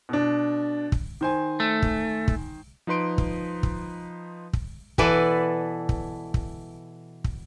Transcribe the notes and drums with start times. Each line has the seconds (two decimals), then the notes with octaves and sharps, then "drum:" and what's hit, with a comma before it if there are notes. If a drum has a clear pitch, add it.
0.09 B2 D4
0.92 drum: kick
1.21 D#3 C5 G#5
1.60 A3
1.82 drum: kick
2.28 drum: kick
2.87 F3 D#4 B4 C6 D7
3.18 drum: kick
3.63 drum: kick
4.53 drum: kick
4.98 B2 E3 E4 A4 B4 D5, drum: kick
5.89 drum: kick
6.34 drum: kick
7.24 drum: kick